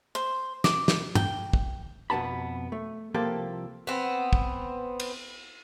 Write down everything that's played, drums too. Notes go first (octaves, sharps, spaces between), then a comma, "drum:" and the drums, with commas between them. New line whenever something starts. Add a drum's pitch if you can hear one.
C5
D6, drum: snare
drum: snare
G5, drum: tom
drum: kick
F2 B2 B3 A5 B5
A3
C2 F3 A#3 G4 A4
B3 C4
drum: kick
drum: cymbal